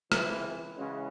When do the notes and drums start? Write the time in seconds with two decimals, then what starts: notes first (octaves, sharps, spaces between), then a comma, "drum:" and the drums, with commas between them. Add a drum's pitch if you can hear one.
0.12 C#2 C3 E3, drum: rim click
0.75 C#3 E3 G#3 C#4 F#4